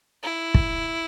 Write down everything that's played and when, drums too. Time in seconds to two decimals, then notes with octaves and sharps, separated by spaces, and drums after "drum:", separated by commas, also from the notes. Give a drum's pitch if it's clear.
0.23 E4
0.54 drum: kick